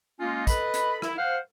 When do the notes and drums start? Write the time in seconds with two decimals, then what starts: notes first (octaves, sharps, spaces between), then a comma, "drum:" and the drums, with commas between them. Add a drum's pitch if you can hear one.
0.20 G#3 A#3 C#4 D#4 F4
0.47 A4 B4 D#5 B5, drum: kick, hi-hat
0.74 drum: hi-hat
1.02 E4, drum: rim click
1.18 C5 F5 F#5